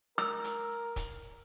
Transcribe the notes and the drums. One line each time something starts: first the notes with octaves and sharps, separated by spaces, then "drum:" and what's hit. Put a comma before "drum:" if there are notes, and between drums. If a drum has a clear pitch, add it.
A#4 E6, drum: rim click
drum: hi-hat
drum: kick C#1, hi-hat